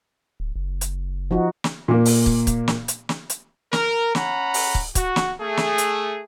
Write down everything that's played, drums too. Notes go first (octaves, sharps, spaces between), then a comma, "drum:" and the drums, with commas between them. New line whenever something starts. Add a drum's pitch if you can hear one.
D1
F#1
drum: hi-hat
F3 D#4 F#4
drum: snare
A#2 A#3
drum: open hi-hat
drum: kick
drum: kick, hi-hat
drum: snare
drum: hi-hat
drum: snare
drum: hi-hat
A#4, drum: snare
C#4 F#5 A#5 B5, drum: snare
drum: open hi-hat
drum: kick
F#4, drum: kick, hi-hat
drum: snare
A3 G#4
drum: snare
drum: hi-hat